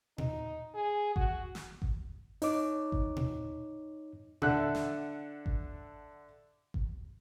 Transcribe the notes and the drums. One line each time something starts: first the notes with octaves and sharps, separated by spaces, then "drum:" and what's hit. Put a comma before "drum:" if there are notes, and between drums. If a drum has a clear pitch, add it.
D#4, drum: tom A#2
G#4
F#4, drum: kick G#1
drum: snare
drum: kick G#1
D#4 C#5 D6, drum: open hi-hat
drum: kick G#1
drum: tom A#2
D3 A4 D5 E5 F#5 F#6, drum: tom A#2
drum: snare
drum: kick G#1
drum: kick G#1